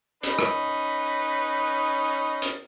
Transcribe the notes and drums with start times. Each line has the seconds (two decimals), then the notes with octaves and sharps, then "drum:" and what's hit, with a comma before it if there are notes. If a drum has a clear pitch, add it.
0.23 C#4 D#4 B4, drum: hi-hat
0.39 drum: rim click
2.42 drum: hi-hat